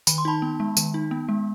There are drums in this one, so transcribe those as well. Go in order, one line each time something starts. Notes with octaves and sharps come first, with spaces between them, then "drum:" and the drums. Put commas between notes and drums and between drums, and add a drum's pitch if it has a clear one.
D#3 B5, drum: tambourine
C6
D#4 A5 B5
B3
G#3
D#3, drum: tambourine
D#4
B3
G#3